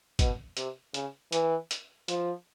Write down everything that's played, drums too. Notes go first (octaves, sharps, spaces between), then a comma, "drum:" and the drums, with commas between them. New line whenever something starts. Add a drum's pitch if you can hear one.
B2, drum: kick, hi-hat
C3, drum: hi-hat
C#3, drum: hi-hat
E3, drum: hi-hat
drum: hi-hat
F3, drum: hi-hat